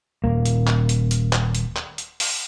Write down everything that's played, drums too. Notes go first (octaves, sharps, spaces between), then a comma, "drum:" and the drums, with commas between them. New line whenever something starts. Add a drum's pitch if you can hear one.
D#1 A#3
drum: hi-hat
drum: clap
drum: hi-hat
drum: hi-hat
drum: clap
drum: hi-hat
drum: clap
drum: hi-hat
drum: open hi-hat